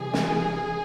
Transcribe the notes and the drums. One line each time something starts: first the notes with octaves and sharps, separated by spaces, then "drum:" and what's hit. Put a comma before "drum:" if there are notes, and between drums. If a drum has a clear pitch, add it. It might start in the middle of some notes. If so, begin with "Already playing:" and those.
Already playing: C3 E3 G3 G#4
drum: snare